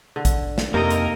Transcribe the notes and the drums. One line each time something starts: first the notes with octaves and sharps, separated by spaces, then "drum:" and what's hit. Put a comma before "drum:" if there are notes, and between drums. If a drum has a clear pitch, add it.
D3
drum: kick A#1, hi-hat
drum: snare
F2 C3 A#3 D#4 A#4 D#5
drum: hi-hat